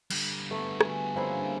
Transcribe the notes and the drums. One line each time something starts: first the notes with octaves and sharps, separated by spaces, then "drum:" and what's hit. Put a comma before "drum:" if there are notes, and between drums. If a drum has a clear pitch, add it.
D3 G3, drum: cymbal
A3 B3
F#4 G#4, drum: rim click
C#3 F3 A#3 C4 D4 E4